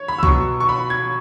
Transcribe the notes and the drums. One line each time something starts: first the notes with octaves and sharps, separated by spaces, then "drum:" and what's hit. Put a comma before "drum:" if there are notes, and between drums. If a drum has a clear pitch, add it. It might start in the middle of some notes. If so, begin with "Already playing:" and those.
Already playing: C#5
B5
E6
B2 F#3 C#6, drum: kick C2
C#6
B5
G#6